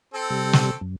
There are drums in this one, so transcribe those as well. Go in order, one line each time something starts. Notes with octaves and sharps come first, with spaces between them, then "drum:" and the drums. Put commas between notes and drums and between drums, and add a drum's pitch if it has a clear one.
C4 A4
C3 G3
drum: snare
F#2